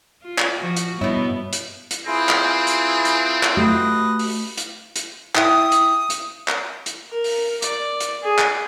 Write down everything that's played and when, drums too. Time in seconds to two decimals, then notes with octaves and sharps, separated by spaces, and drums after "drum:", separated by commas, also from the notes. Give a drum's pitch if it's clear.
0.23 F4
0.38 drum: clap
0.58 F3 F#4
0.76 drum: hi-hat
1.01 G2 B2 B3 E4 C#5
1.53 drum: hi-hat
1.91 drum: hi-hat
2.07 C4 E4 F4 G#4 B4
2.29 drum: clap
2.67 drum: hi-hat
3.05 drum: hi-hat
3.43 drum: clap
3.57 A3 F#4 G4 B4 D#5
4.19 drum: open hi-hat
4.58 drum: hi-hat
4.96 drum: hi-hat
5.35 E4 E5 G5 D#6, drum: clap
5.72 drum: hi-hat
6.10 drum: hi-hat
6.48 drum: clap
6.86 drum: hi-hat
7.10 A#4
7.24 drum: open hi-hat
7.62 D5, drum: hi-hat
8.00 drum: hi-hat
8.23 G#4
8.39 drum: clap